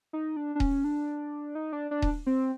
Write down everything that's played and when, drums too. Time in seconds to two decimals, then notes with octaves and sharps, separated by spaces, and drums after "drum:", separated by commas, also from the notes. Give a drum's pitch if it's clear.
0.13 D#4
0.37 D4
0.55 D4
0.60 C#4, drum: kick D#1
0.84 D4
1.55 D#4
1.73 D4
1.91 D4
2.02 drum: kick D#1
2.26 C4